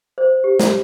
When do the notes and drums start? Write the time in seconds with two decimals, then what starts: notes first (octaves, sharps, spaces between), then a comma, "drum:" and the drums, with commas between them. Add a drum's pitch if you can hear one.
0.18 C5
0.44 G4
0.59 C#5, drum: snare